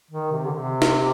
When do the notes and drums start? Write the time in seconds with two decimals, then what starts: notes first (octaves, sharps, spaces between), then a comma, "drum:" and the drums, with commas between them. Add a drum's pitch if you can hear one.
0.11 D#3
0.32 C3
0.45 D3
0.53 C3
0.82 drum: snare